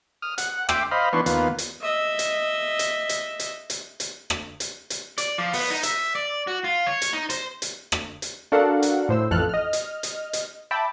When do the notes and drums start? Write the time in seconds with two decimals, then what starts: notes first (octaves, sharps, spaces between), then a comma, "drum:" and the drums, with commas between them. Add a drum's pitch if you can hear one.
0.22 D#6 F6
0.38 F#5, drum: hi-hat
0.69 E5 G5 C6 D6, drum: rim click
0.91 C5 D#5 F5 B5
1.13 E3 B3 D4 C6 C#6
1.26 D#2 B3 F4, drum: hi-hat
1.58 drum: hi-hat
1.81 D#5 E5
2.19 drum: hi-hat
2.79 drum: hi-hat
3.09 drum: hi-hat
3.39 drum: hi-hat
3.70 drum: hi-hat
4.00 drum: hi-hat
4.30 drum: rim click
4.60 drum: hi-hat
4.90 drum: hi-hat
5.18 D5, drum: hi-hat
5.38 F3
5.53 B3, drum: open hi-hat
5.70 D#4
5.83 E5, drum: hi-hat
6.15 D5
6.47 F#4
6.64 F4
6.87 C#5
7.01 drum: hi-hat
7.13 D#4
7.30 C5, drum: hi-hat
7.62 drum: hi-hat
7.92 drum: rim click
8.22 drum: hi-hat
8.52 D4 F#4 A4 A#4 F5 F#5
8.82 drum: hi-hat
9.09 A2 C5 E6
9.31 A1 F2 A4 A5 F6 F#6
9.49 D#5 F6
9.73 drum: hi-hat
10.03 drum: hi-hat
10.33 drum: hi-hat
10.71 E5 G5 A5 B5 D6